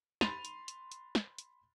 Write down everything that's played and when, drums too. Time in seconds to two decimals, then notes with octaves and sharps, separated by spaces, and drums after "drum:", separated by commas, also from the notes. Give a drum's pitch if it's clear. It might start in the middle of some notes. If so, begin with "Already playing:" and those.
0.21 B5 C6 A6 D#7 F7, drum: snare
0.45 drum: hi-hat
0.68 drum: hi-hat
0.92 drum: hi-hat
1.15 drum: snare
1.38 drum: hi-hat